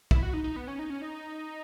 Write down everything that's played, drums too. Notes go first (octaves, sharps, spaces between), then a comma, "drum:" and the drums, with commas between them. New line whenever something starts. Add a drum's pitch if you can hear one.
E4, drum: kick
F#4
D#4
D#4
B3
C#4
D#4
C#4
D#4